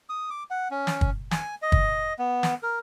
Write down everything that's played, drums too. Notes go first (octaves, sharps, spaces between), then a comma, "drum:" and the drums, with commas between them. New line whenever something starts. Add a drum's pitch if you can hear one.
D#6
D6
F#5
C#4
drum: snare
drum: kick
G#5, drum: snare
D#5
drum: kick
B3
drum: snare
A#4